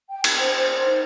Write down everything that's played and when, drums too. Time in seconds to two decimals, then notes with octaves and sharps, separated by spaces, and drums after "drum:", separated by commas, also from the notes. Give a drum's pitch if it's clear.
0.10 G5
0.24 G5, drum: cymbal
0.39 C5
0.53 C5
0.69 C5
0.83 D#4